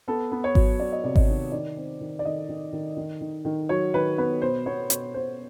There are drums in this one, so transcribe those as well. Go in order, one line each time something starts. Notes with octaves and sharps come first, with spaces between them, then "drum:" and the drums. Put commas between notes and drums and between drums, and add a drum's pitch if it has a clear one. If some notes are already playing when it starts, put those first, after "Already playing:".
B3 A4
B3
C#5
F#3, drum: kick G#1
B3 D5
D#5
C3 D5
D#5, drum: kick G#1
D#3
D#3 D5
C4
D#3
D5
D#3 D#5
D#3
D#3
D#3
D#3
D#3
F#3 C#5
D#3 B4
B3 B4
B2 C5
B3 C#5
B2 C#5, drum: hi-hat
B3 C5